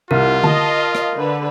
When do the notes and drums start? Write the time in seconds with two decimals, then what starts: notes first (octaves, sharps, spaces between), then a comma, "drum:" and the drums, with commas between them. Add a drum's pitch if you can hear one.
0.11 C2 F4 A#4
0.43 D#5 F5 A5, drum: tom D3
0.95 drum: rim click
1.14 D3 B4